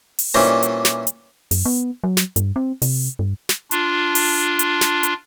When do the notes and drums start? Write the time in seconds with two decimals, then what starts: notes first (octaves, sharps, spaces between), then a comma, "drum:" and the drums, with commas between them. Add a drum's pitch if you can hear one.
0.19 drum: open hi-hat
0.34 A#2 E3 G3 C#4 D4 C5
0.63 drum: hi-hat
0.85 drum: snare
1.07 drum: hi-hat
1.51 F#2, drum: open hi-hat
1.65 B3
2.04 F#3
2.17 drum: snare
2.36 G2, drum: hi-hat
2.56 C4
2.82 C3, drum: open hi-hat
3.19 G2
3.49 drum: snare
3.71 D4 F4, drum: hi-hat
4.15 drum: open hi-hat
4.59 drum: hi-hat
4.81 drum: snare
5.03 drum: hi-hat